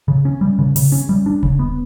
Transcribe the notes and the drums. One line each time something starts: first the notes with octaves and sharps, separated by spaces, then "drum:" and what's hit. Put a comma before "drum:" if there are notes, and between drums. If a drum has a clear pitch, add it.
C#3
C#4
G3
C#3
C#3, drum: open hi-hat
C#4
G3
D4
C#3, drum: kick D#1
B3